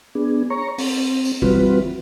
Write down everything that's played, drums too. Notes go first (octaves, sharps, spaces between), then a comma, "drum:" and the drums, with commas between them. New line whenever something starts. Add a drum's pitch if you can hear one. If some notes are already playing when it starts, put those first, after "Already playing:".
B3 D4 G#4
C#5 A#5 C#6
C4, drum: open hi-hat
drum: tambourine
E3 G3 C4 F4 F#4 B4, drum: kick G#1